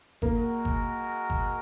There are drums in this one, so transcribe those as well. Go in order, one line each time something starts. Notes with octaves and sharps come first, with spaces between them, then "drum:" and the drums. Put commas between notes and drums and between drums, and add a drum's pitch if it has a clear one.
G#3 A#3 F#4 A#4 F#5, drum: kick G1
drum: kick G1
drum: kick G1